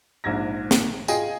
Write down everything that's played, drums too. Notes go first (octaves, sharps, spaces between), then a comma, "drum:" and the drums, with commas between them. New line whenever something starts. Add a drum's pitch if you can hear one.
A#1 G#2 G#6 A#6
drum: snare
F4 G#4 D#5 G5 G#5, drum: tambourine